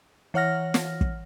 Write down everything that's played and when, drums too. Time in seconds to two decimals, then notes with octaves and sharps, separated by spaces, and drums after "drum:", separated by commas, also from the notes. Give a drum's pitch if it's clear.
0.34 E3 C#5 F#5 F6 A#6
0.74 drum: snare
1.01 drum: kick